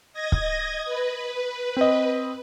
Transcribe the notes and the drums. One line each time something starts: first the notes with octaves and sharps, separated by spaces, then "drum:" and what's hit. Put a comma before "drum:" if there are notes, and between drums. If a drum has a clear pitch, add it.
D#5 G#6 A#6
drum: kick
B4
C4 D#5